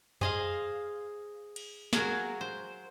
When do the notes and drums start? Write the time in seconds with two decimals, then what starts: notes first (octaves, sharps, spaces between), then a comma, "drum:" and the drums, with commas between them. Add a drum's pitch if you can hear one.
0.21 G#4 C5 D#5 F5, drum: tom F2
1.56 drum: cymbal
1.93 F#3 F#4 G#4 A#4 F5, drum: snare
2.41 C5